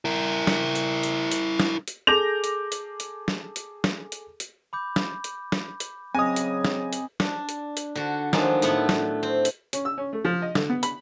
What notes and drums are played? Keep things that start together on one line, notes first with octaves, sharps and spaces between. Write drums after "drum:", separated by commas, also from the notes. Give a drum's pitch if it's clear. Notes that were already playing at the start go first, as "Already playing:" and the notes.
E4 A#4
drum: snare
drum: hi-hat
drum: hi-hat
drum: hi-hat
drum: snare
drum: hi-hat
G#4 A4 D6 G6 A#6 F7
drum: hi-hat
drum: hi-hat
drum: hi-hat
drum: snare
drum: hi-hat
drum: snare
drum: hi-hat
drum: hi-hat
B5 D6 G6
drum: snare
drum: hi-hat
drum: snare
drum: hi-hat
C#3 F#3 C4 D#5 G#5 D#6
drum: hi-hat
drum: snare
drum: hi-hat
D4, drum: snare
drum: hi-hat
drum: hi-hat
D3 F#4
D#3 F3 F#3 G#3 D4 F4, drum: snare
A2 A3 B3 F#5, drum: hi-hat
drum: snare
C4
drum: hi-hat
C#4, drum: hi-hat
E6
C#4
A3
F3
D#5
D3, drum: snare
B3
B5, drum: hi-hat